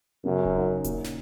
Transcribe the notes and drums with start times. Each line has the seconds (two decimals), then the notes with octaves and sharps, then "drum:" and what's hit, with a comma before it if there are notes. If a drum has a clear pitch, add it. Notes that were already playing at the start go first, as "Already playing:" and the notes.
0.25 F#2 C#3
0.45 drum: kick D#1
0.55 D#4
0.84 A#2, drum: kick D#1, hi-hat
1.05 drum: snare